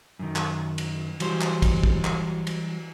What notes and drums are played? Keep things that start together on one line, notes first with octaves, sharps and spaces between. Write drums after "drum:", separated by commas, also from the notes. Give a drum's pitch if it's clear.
F#2 D#3
drum: clap
drum: cymbal
E3 F#3 G3 C5, drum: cymbal
drum: clap
drum: kick, cymbal
drum: kick
drum: clap
drum: cymbal